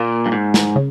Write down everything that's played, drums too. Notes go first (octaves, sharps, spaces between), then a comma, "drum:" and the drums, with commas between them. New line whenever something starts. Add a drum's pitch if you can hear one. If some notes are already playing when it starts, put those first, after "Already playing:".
Already playing: A#2 A#3
G2
G#2
drum: snare
C#3